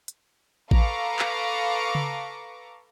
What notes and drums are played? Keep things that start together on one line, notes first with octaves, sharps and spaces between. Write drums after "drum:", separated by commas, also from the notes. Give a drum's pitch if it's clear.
drum: hi-hat
A4 B4 F5 A#5 C#6 D6, drum: kick A1
drum: clap
drum: tom C#3